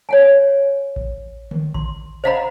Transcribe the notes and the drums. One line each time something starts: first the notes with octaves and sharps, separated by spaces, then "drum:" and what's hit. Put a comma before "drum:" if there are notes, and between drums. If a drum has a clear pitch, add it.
C#5 F#5 G#5
drum: kick A1
drum: tom D3
C6, drum: kick A1
C5 D#5 F5 F#5 A#5 B5